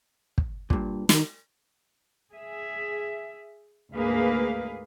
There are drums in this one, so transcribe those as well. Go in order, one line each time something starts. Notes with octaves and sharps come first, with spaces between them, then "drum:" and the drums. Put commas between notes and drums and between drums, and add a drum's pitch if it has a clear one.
drum: kick
G2 A#2, drum: kick
D#3, drum: snare
G#4 E5
D2 G#2 A#3 G#4 B4 F5